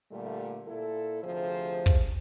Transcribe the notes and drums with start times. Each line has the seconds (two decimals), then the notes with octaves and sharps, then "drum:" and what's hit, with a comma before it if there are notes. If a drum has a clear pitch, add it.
0.12 A#2 D3 G3 A3
0.68 A#2 E4 A4
1.24 D2 C3 F3 G#4 C5
1.86 drum: kick